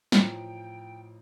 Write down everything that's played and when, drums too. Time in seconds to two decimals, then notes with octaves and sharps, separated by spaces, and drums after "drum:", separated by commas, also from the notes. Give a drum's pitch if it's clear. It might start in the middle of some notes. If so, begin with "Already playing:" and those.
0.12 A1 F3 G5 A#5, drum: snare